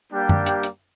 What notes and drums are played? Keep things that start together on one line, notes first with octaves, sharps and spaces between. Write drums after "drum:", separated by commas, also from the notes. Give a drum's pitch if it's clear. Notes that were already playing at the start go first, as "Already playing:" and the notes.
G3 A#3 D4 G4
drum: tom F#2
drum: hi-hat
drum: hi-hat